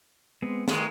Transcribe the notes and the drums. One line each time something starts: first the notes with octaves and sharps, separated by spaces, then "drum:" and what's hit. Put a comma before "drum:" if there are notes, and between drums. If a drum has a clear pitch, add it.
G#3 B3 C4
G2 D#3 G#3 A3 G#5, drum: snare